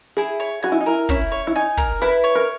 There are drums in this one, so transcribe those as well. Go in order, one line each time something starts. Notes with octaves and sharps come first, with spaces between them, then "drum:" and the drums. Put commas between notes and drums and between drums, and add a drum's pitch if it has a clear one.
E4 G#4
C#5
F#4 G#5
E4
D#4
E4 A#4
C#4 E4, drum: kick
C#5
E4
D#4 G#5
A#4, drum: kick
E4 B4
C#5
A#4